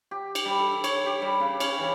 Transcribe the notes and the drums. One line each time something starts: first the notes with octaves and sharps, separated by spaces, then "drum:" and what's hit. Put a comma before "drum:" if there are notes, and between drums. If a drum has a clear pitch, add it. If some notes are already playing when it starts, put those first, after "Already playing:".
G4
drum: cymbal
G3
A4
C#5, drum: cymbal
G4
G3
C#3
C#4, drum: cymbal
E3